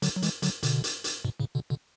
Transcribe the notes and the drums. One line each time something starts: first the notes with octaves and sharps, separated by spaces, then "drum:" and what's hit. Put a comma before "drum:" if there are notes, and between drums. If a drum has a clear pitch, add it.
D3 F#3, drum: hi-hat
F#3
E3 G#3, drum: hi-hat
D3 F#3, drum: hi-hat
B2 D3, drum: hi-hat
drum: hi-hat
drum: hi-hat
G#2 B2
A2 C#3
B2 D3
B2 D3